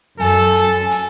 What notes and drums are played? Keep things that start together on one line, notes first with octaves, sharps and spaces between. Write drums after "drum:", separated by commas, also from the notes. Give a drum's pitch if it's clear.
F#2 A4 G#5, drum: open hi-hat
drum: hi-hat
drum: hi-hat